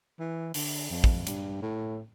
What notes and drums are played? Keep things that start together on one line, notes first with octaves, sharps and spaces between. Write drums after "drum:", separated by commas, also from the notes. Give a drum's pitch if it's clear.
E3
D3, drum: open hi-hat
F2
drum: kick
G2, drum: hi-hat
A2